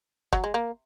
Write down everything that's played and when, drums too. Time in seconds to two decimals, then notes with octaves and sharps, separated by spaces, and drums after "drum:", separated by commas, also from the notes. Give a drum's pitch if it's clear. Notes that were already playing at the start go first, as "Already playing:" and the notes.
0.33 F#3, drum: kick
0.44 G#3
0.54 A#3